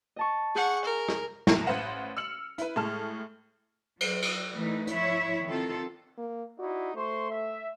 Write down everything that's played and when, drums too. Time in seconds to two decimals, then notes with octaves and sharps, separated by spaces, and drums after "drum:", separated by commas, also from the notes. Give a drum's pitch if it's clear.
0.16 D#5 A5 C#6
0.55 G#4 F#5 C#6 G6
0.84 A#4
1.09 drum: rim click
1.47 C2 F#3 A#4 A#6, drum: snare
1.67 A1 B4 C5 F5 F#5 E7
2.17 E6 F6 C#7 F#7
2.58 E4 B4, drum: hi-hat
2.76 A2 G#3 A5 F6
4.01 F#3, drum: cymbal
4.22 drum: cymbal
4.55 E3 A3 D#4 B4
4.87 F3 E4 C#5 E5, drum: hi-hat
5.46 D#3 C4 F4 A4
6.18 A#3
6.59 D#4 E4 F#4 D5
6.95 A3 C5 C6 C#6
7.29 E5